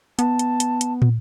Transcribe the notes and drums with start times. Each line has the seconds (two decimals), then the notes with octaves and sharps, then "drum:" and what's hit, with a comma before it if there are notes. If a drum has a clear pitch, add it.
0.19 B3 A5, drum: hi-hat
0.39 drum: hi-hat
0.60 drum: hi-hat
0.81 drum: hi-hat
1.02 drum: tom